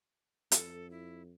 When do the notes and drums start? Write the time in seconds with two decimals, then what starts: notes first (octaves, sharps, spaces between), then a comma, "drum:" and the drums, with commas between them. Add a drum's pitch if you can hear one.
0.52 F2 A4, drum: hi-hat
0.91 E4